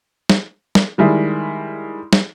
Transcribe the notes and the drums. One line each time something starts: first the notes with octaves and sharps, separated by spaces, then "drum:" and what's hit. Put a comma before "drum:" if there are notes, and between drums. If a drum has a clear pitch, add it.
drum: snare
drum: snare
D#3 G3 G#3 E4
drum: snare